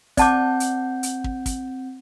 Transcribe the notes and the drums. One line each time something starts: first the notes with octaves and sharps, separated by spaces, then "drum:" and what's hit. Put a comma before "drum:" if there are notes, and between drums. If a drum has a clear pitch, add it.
C4 D5 F#5 A5 D6 G6, drum: kick, hi-hat
drum: hi-hat
drum: hi-hat
drum: kick
drum: kick, hi-hat